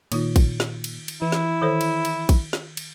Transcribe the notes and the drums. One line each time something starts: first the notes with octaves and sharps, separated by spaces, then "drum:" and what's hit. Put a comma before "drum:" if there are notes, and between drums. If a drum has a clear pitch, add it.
A#2 D#3 D#4 F4, drum: cymbal
drum: kick A#1, cymbal
drum: snare
drum: cymbal
drum: cymbal
E3 E4
drum: snare
D#3 A4 C5
drum: cymbal
drum: cymbal
drum: kick A#1, cymbal
drum: snare
drum: cymbal